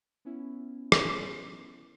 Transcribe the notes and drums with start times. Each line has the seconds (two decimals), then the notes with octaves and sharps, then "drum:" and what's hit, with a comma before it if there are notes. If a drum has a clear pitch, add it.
0.25 B3 C#4 E4
0.92 drum: rim click